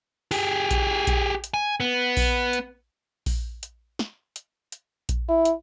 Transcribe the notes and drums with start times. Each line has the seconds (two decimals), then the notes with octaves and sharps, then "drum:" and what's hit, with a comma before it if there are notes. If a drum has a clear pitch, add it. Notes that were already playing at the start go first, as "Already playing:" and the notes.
0.31 G4 G#4, drum: open hi-hat
0.71 drum: kick A#1, hi-hat
1.07 drum: kick A#1, hi-hat
1.44 drum: hi-hat
1.54 G#5
1.80 B3
2.17 drum: kick A#1, open hi-hat
2.53 drum: hi-hat
3.26 drum: kick A#1, open hi-hat
3.63 drum: hi-hat
3.99 drum: snare
4.36 drum: hi-hat
4.72 drum: hi-hat
5.09 drum: kick A#1, hi-hat
5.28 E4
5.45 drum: hi-hat